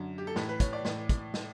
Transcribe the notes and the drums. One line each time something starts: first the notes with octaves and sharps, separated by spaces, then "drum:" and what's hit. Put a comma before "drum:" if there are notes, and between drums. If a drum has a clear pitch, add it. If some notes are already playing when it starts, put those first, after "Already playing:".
Already playing: F#2 D3
G4
A4
A2 E3 B4, drum: snare
B4
C#5, drum: kick, hi-hat
D5
A2 E3, drum: snare
drum: kick, hi-hat
drum: snare